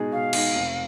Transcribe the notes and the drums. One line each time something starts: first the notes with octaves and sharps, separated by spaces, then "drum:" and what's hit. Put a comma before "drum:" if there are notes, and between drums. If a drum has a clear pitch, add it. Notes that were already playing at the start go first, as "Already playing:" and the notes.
Already playing: B2 G#3 D#4 G#4
B2 F5
G#3 D#4 G#4, drum: cymbal
F1